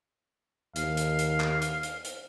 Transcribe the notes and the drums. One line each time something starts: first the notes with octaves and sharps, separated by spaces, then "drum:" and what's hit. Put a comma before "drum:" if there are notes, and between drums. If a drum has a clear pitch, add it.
D#2 F5, drum: hi-hat
drum: hi-hat
drum: hi-hat
drum: clap
drum: hi-hat
drum: hi-hat
drum: hi-hat